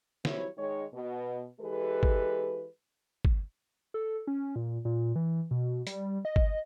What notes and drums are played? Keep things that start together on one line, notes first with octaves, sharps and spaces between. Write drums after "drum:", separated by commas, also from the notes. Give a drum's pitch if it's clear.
E3 F#3 G3 C4 E4 C#5, drum: snare
D#3 G#3 C#5
B2
E3 G#3 G4 A4 B4
drum: kick
drum: kick
A4
C#4
A#2
A#2
E3
B2
G3, drum: hi-hat
D#5
drum: kick